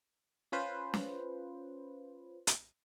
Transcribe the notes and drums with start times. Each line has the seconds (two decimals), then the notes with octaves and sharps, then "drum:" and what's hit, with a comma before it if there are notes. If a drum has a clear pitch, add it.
0.52 C#4 F4 B4 C5
0.94 drum: snare
2.47 drum: hi-hat